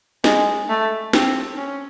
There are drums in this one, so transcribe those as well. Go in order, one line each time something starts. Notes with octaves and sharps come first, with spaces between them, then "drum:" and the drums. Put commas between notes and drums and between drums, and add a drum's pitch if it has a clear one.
G#3, drum: snare
A3
C4, drum: snare
C#4